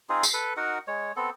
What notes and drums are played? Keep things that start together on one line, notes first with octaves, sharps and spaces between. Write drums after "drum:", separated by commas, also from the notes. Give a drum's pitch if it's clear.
C4 D#4 F4 G#4
drum: tambourine
A4 B4
D#4 F#4 A#4 F#5
G#3 C#5
B3 C4 A4